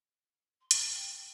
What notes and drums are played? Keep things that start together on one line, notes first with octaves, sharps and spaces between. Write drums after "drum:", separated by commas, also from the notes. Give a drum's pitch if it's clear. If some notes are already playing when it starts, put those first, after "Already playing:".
C6
B5, drum: hi-hat
A5
G5